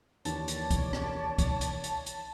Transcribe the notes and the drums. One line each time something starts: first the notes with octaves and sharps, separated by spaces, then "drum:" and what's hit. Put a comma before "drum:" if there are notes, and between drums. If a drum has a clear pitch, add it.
D#2 E3 C#5 D5 A5, drum: hi-hat
drum: hi-hat
drum: kick, hi-hat
drum: rim click
drum: kick, hi-hat
drum: hi-hat
drum: hi-hat
drum: hi-hat